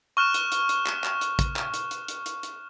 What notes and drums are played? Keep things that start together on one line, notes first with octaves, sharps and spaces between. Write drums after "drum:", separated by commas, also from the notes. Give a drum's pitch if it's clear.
C#6 F6 F#6 E7
drum: hi-hat
drum: hi-hat
drum: hi-hat
drum: clap
drum: clap
drum: hi-hat
drum: kick, hi-hat
drum: clap
drum: hi-hat
drum: hi-hat
drum: hi-hat
drum: hi-hat
drum: hi-hat